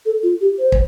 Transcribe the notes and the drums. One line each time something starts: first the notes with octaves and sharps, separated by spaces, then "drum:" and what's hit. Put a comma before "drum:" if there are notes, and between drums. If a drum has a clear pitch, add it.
A4
F4
G4
C5
drum: kick